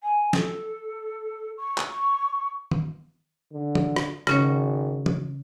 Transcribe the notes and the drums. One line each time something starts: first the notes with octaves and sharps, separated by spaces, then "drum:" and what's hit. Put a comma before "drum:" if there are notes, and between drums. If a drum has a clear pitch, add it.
G#5
A4, drum: snare
C#6
drum: clap
drum: tom
D3
drum: tom
drum: rim click
G#1 C#3 C#4 C#5, drum: rim click
drum: tom